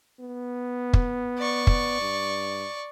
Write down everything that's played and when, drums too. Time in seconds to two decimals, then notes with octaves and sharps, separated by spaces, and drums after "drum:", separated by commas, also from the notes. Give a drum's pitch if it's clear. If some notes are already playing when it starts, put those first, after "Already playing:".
0.20 B3
0.93 drum: kick
1.38 D5 C#6
1.67 drum: kick
2.01 G2